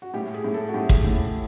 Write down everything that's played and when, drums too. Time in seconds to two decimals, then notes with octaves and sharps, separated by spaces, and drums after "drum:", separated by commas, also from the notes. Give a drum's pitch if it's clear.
0.02 F#4
0.14 A2 G4
0.34 G#4
0.44 A2
0.54 A4
0.69 F#4
0.74 A2 G4
0.89 drum: kick
1.04 A2